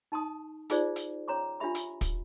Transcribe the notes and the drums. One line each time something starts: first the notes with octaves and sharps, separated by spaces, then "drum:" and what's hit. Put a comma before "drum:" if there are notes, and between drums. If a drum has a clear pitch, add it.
D#4 A5 C6 D#6
D#4 F4 G#4 C5 D5, drum: hi-hat
drum: hi-hat
C#4 C#5 A#5 C6 D6
D4 F4 G4 E5 B5
drum: hi-hat
drum: kick, hi-hat